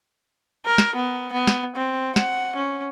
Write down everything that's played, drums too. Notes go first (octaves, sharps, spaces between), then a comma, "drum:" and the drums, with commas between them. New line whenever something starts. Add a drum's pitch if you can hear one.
A#4
drum: snare
B3
B3
drum: snare
C4
F#5, drum: snare
C#4